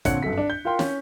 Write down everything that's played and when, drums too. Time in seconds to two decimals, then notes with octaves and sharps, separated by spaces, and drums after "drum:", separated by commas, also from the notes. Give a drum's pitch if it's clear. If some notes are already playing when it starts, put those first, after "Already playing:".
0.05 A#2 D3 C4 C#5 F#6 C#7, drum: kick, hi-hat
0.23 G1 F#2 A4 B6
0.38 D4
0.50 G6
0.65 F4 A#4 F5 G5 C6
0.79 C#4, drum: snare